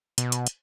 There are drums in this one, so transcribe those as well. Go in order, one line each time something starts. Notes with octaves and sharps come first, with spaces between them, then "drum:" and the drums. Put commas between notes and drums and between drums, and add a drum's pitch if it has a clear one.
B2, drum: hi-hat
drum: hi-hat
drum: hi-hat